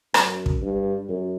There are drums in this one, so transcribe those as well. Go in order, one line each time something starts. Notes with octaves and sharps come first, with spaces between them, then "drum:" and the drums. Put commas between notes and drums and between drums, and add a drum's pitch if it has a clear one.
F#2, drum: rim click
drum: kick
G2
F#2